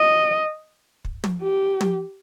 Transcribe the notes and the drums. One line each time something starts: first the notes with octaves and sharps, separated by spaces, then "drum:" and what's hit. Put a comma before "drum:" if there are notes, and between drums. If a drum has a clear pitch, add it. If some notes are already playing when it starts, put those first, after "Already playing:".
Already playing: D#5
drum: kick
drum: tom
G4
drum: tom